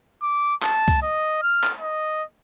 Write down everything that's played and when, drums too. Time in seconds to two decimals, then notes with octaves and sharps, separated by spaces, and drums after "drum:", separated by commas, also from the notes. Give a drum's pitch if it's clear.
0.22 D6
0.62 A5, drum: clap
0.88 drum: kick C2, open hi-hat
1.02 D#5
1.42 F6
1.64 drum: clap
1.81 D#5